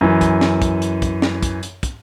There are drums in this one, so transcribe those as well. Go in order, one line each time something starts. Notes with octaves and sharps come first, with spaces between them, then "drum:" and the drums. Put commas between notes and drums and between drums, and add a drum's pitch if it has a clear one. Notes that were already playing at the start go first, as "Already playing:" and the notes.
F#2 E3
drum: kick, hi-hat
drum: snare
drum: kick, hi-hat
drum: hi-hat
drum: kick, hi-hat
drum: snare
drum: kick, hi-hat
drum: hi-hat
drum: kick, hi-hat